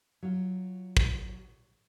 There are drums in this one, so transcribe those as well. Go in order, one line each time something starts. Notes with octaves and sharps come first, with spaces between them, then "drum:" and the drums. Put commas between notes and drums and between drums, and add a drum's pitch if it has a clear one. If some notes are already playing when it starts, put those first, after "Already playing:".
F#3 F4
drum: kick